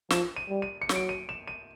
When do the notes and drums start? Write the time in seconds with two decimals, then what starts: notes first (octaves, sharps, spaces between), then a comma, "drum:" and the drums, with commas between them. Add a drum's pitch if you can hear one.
0.10 F3 E7, drum: snare
0.36 D#7
0.49 G3
0.62 D#7
0.82 C#7
0.89 F#3, drum: snare
0.96 D7
1.09 D#7
1.29 E7
1.47 D#7